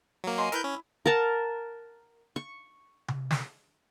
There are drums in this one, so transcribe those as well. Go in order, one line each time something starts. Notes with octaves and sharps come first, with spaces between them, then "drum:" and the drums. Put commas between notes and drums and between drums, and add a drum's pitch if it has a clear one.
F#3 A#3
D#5 G#5 C6
E4 A#4 B4 G6, drum: hi-hat
C#4
A#4 F#5 A5 A#5
C#6
drum: tom C3
drum: snare